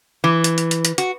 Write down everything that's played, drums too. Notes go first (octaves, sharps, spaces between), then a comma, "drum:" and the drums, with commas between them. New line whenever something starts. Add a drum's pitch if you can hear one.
E3
drum: hi-hat
drum: hi-hat
drum: hi-hat
drum: hi-hat
F#4, drum: hi-hat